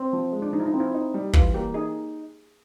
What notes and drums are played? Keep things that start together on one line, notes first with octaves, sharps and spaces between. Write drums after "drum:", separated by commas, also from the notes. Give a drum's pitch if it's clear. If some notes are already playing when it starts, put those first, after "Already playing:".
Already playing: C4
F3
G#3
D4
F3 D#4
E4
D#4
C4
E4
D#4
G3
E3 F4, drum: kick
A#3 G4
D#4 G#4